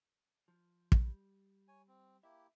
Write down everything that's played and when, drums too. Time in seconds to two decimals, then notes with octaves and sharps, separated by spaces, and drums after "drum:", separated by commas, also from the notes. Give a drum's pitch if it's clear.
0.48 F3
0.92 drum: kick
1.01 G3
1.68 C#5 G#5
1.88 C4
2.23 A#3 E4 G4 E5